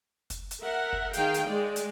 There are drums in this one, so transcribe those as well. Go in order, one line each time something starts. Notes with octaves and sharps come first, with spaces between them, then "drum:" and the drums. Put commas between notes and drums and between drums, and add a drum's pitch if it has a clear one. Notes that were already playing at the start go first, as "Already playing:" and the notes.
drum: kick, hi-hat
drum: hi-hat
A#4 E5 F#5
drum: kick
D#3 G#4 F5 G5, drum: hi-hat
drum: hi-hat
G#3 D5
drum: hi-hat